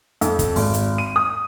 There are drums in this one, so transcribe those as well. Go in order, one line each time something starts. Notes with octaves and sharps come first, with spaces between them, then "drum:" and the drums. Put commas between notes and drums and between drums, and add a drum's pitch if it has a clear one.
F2, drum: hi-hat
drum: kick, hi-hat
G#1, drum: open hi-hat
drum: hi-hat
D#7
D#6